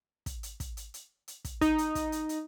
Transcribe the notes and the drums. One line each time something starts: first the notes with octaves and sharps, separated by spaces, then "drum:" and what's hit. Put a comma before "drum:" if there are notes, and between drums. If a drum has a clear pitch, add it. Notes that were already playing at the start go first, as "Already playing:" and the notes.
drum: kick, hi-hat
drum: hi-hat
drum: kick, hi-hat
drum: hi-hat
drum: hi-hat
drum: hi-hat
drum: kick, hi-hat
D#4, drum: kick, hi-hat
drum: hi-hat
drum: kick, hi-hat
drum: hi-hat
drum: hi-hat